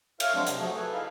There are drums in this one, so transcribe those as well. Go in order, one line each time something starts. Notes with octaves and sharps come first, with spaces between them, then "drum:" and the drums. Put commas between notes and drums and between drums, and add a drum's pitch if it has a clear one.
F4 A#4 C#5 E5 F5, drum: cymbal
F3 F#3 G#3 C4 D4
C3, drum: hi-hat
F3 F#3 A3 F#4 G#4 A4
A4 B4 G#5
D#4 E4 G#4 E5 F5